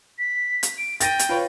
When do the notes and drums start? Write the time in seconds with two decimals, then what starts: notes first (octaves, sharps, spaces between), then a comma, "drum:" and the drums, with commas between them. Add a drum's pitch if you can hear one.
0.19 B6
0.63 drum: hi-hat
0.78 D7
1.00 G5 A6 A#6 D#7, drum: hi-hat
1.19 drum: hi-hat
1.29 F4 B4 C#5